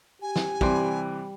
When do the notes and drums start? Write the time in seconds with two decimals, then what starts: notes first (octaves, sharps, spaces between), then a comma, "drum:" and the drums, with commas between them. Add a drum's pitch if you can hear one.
0.22 G4 G#5
0.36 drum: snare
0.61 C3 E3 G3 C6, drum: kick